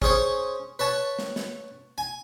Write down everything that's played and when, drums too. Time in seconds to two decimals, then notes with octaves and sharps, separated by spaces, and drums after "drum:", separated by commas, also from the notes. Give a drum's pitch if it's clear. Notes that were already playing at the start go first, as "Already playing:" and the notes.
0.02 C#4 G#4 C5 C#5 C6, drum: kick
0.79 B4 C#5 A5
1.19 drum: snare
1.36 drum: snare
1.98 G#5